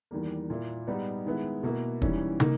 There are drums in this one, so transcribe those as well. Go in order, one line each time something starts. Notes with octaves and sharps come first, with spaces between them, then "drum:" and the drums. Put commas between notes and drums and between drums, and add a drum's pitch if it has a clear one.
E2 D#3 G3 A#3
A#2 A#3 E4
G#2 G3 B3 D#4
D#3 G#3 B3 E4
B2 A#3 E4
G#2 E3 G3 C#4 E4, drum: kick
D#3 A#3 D#4, drum: tom